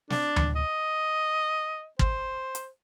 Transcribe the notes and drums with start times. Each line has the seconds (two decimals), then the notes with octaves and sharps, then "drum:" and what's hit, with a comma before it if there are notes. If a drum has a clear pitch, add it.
0.10 D4, drum: snare
0.36 drum: tom D2
0.56 D#5
1.99 C5, drum: kick
2.55 drum: hi-hat